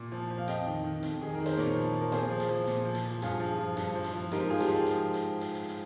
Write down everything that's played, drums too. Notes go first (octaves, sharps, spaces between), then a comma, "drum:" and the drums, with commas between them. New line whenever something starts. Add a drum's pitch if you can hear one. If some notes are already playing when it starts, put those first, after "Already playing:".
Already playing: A#2
F3
F3
F5
F2 D#5 G5, drum: hi-hat
D#3
D#3
F2, drum: hi-hat
D#3 G#4
A#4
D#3
C5, drum: hi-hat
A#2 A#4 C#5, drum: hi-hat
F3
F3
A#4
A#2 G#4 C5, drum: hi-hat
F3
drum: hi-hat
F3
A#2, drum: hi-hat
F3
drum: hi-hat
F3
G2 F4 G#4, drum: hi-hat
F3
F3
G2, drum: hi-hat
F3
drum: hi-hat
F3
G#2 G4 A#4, drum: hi-hat
F3 F4 G#4
G4, drum: hi-hat
F3 F4 G#4
drum: hi-hat
drum: hi-hat
drum: hi-hat
drum: hi-hat
drum: hi-hat